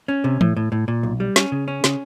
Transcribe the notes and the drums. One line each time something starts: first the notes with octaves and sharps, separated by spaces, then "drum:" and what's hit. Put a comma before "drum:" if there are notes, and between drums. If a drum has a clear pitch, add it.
C#4
C3
A2, drum: tom E3
A2
A2
A#2
B1
G3
C#4, drum: snare
C#3
C#4
C#3, drum: snare